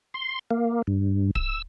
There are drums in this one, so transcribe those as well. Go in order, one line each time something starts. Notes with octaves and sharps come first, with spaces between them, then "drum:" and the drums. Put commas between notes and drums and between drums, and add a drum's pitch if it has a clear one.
C6
A#3
G2
E6, drum: kick D1